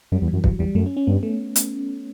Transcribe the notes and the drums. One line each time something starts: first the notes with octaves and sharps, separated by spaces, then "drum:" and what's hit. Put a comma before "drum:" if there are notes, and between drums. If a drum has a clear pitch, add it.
F#2 G3
E2
E3
F#2
G2 F#3, drum: kick
E2 G3
F#2 A3
C#4
C#4
G2 B3
A3
drum: hi-hat